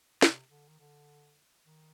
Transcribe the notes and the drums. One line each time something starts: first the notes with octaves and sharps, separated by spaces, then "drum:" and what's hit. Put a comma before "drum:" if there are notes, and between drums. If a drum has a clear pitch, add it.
C3, drum: snare
D3
D#3
D3
D#3